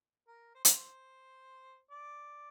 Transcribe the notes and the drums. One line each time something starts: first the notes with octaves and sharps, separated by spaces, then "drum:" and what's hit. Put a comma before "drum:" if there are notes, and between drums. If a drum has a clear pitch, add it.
A#4
C5
A#4, drum: hi-hat
C5
D5